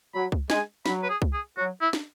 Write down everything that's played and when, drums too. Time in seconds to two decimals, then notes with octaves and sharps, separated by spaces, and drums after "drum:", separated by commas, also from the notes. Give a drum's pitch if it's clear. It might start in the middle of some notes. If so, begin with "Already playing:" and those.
0.14 F#3 B5
0.32 drum: kick C2
0.50 G#3 G#5, drum: snare
0.86 F#3 B5, drum: snare
1.03 B4
1.10 G#4
1.22 drum: kick C2
1.33 G#4
1.57 F#3 F#4
1.81 E4
1.93 drum: snare